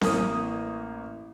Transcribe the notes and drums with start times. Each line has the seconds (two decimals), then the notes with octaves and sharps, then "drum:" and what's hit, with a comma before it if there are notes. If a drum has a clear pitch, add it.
0.01 A1 A#3 D#6, drum: snare C4